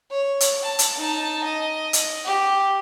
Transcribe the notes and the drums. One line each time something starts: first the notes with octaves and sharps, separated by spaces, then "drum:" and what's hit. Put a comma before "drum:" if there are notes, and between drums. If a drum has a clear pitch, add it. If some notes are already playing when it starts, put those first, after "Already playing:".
C#5
drum: hi-hat
A5
drum: hi-hat
D#4 A5
D#5
drum: hi-hat
G4